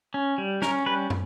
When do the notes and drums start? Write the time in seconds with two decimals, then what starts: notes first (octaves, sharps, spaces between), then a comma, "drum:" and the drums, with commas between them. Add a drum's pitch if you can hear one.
0.14 C#4
0.38 G3
0.62 C#4 A#4, drum: snare
0.86 G3 B4
1.10 drum: tom